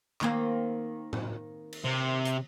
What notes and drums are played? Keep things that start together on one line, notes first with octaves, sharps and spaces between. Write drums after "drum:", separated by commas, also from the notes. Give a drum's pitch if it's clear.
D#3 A#3 C4, drum: clap
drum: tom A2
drum: cymbal
C3
drum: hi-hat